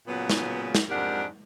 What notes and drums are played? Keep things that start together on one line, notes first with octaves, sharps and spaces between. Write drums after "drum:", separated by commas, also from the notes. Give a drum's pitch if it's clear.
A#2 C#3 F#3 B3
drum: snare
drum: snare
F2 G#2 D4 G4 A#4 F#5